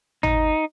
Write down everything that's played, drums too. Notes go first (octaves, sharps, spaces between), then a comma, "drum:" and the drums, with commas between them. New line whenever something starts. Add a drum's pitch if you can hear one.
D#4, drum: tom G#1